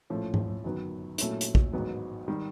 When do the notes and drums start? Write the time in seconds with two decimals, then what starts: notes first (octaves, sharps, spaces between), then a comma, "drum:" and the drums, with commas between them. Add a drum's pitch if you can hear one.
0.10 A#1 A2 F3 A3 C#4
0.34 drum: tom G#2
0.64 G1 F#2 D#3 F#3 B3
1.18 A#2 F#3 A3 C#4 E4, drum: hi-hat
1.41 drum: hi-hat
1.55 drum: kick
1.73 A1 G#2 D#3 F#3 B3
2.28 D#3 G3